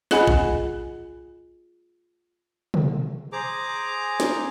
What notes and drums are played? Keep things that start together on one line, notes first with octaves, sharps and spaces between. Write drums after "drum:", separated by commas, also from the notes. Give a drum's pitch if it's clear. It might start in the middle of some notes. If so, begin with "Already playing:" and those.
F4 G#4 D#5 F#5 G#5 B5, drum: snare
drum: kick
drum: tom
G#4 C5 A#5 D6
drum: snare